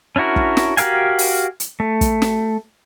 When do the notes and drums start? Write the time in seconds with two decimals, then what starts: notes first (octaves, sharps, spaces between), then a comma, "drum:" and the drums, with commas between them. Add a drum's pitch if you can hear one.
0.16 C#4 D4 E4 F#4 A#4
0.36 drum: kick
0.57 drum: snare
0.77 F#4 G4 A#4 F5 G#5, drum: hi-hat
1.19 drum: open hi-hat
1.60 drum: hi-hat
1.80 A3
2.01 drum: kick, hi-hat
2.22 drum: snare